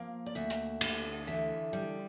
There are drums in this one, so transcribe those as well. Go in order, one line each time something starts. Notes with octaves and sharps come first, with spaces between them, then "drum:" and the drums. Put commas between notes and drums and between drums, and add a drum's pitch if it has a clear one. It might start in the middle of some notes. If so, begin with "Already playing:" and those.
Already playing: F3 A#3 F5
D5
D2 E5
drum: hi-hat
D3, drum: cymbal
E3 E5
G3